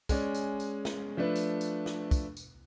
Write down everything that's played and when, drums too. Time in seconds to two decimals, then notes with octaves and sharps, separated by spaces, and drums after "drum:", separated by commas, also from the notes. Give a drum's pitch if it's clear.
0.09 G#3 C#4 D5, drum: kick, tambourine
0.35 drum: tambourine
0.60 drum: tambourine
0.85 drum: snare
1.17 F3 A3 D4 B4
1.36 drum: tambourine
1.61 drum: tambourine
1.86 drum: snare
2.11 drum: kick, tambourine
2.37 drum: tambourine